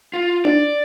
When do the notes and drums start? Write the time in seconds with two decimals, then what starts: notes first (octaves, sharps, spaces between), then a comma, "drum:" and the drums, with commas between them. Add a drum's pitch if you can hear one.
0.14 F4
0.45 D5, drum: tom D4